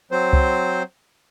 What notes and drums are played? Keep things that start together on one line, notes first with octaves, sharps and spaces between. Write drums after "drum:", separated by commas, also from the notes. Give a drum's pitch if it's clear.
F#3 C4 C5
drum: kick C2